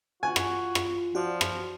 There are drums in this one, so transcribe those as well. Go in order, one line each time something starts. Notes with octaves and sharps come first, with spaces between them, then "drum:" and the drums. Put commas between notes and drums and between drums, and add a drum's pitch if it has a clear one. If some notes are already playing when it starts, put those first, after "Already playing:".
F4 F#4 G#5
drum: rim click
drum: rim click
F3 F#4 D5
drum: rim click